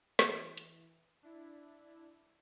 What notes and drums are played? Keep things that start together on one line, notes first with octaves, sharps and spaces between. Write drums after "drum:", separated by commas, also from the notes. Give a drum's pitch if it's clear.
E3, drum: snare
drum: hi-hat
D4 E4